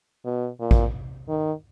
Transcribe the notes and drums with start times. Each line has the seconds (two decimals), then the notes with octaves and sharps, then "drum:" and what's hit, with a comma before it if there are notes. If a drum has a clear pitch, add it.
0.25 B2
0.60 A#2
0.71 drum: kick A1
1.28 D#3